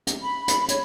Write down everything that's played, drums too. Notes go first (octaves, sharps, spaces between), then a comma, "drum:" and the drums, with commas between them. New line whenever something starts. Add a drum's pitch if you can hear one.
drum: hi-hat
B5
drum: hi-hat
C#5, drum: hi-hat